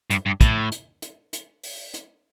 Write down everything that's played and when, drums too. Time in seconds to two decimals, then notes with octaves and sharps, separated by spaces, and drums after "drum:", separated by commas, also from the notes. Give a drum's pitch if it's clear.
0.10 G2, drum: hi-hat
0.26 G2
0.41 A2, drum: kick, hi-hat
0.72 drum: hi-hat
1.02 drum: hi-hat
1.33 drum: hi-hat
1.63 drum: open hi-hat
1.94 drum: hi-hat